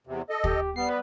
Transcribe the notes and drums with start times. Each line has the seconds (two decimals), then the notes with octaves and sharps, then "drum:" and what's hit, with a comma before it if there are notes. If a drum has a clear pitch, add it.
0.07 E2 C3
0.30 A4 D#5
0.44 G4, drum: kick
0.76 G3 B3 C7
0.89 B4